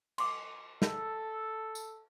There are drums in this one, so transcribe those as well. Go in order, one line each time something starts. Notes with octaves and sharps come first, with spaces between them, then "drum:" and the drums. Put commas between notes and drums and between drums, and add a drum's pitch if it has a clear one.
C6 D6, drum: cymbal
A4, drum: snare
drum: tambourine